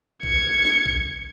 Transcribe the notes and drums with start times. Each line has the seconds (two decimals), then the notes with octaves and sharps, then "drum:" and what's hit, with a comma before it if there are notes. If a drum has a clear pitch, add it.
0.23 G#6 C#7, drum: kick A1
0.65 drum: snare
0.86 drum: kick A1